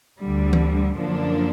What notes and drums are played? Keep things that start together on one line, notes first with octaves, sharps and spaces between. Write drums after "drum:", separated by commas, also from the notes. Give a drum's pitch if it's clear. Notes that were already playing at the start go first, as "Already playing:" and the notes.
D2 D3 G3
drum: tom E3
F#2 D3 F3 A#3 D4